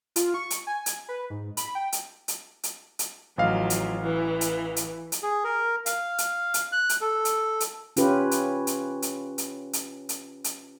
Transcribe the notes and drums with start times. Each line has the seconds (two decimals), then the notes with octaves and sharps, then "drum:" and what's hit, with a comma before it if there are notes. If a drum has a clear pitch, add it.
0.16 F4, drum: hi-hat
0.34 C#6
0.50 drum: hi-hat
0.67 G#5
0.86 drum: hi-hat
1.09 B4
1.30 G#2
1.57 B5, drum: hi-hat
1.75 G5
1.92 drum: hi-hat
2.28 drum: hi-hat
2.63 drum: hi-hat
2.99 drum: hi-hat
3.38 A1 F3 F#3 D#5 F5
3.70 drum: hi-hat
4.00 E3
4.41 drum: hi-hat
4.76 drum: hi-hat
5.12 drum: hi-hat
5.22 G#4
5.44 A#4
5.86 F5, drum: hi-hat
6.18 drum: hi-hat
6.54 drum: hi-hat
6.72 F#6
6.89 drum: hi-hat
7.01 A4
7.25 drum: hi-hat
7.60 drum: hi-hat
7.97 C#4 F4 G4 B4, drum: hi-hat
8.31 drum: hi-hat
8.67 drum: hi-hat
9.02 drum: hi-hat
9.38 drum: hi-hat
9.73 drum: hi-hat
10.09 drum: hi-hat
10.44 drum: hi-hat